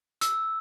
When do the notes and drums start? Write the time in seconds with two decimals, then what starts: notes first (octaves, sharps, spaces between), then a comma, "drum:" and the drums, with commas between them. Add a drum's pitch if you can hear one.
0.21 E6, drum: hi-hat